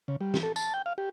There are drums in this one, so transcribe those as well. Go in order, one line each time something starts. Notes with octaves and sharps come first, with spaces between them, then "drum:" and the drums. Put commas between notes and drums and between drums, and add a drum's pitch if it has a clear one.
C#3
G3
drum: snare
A4
A5, drum: tambourine
G5
F5
G4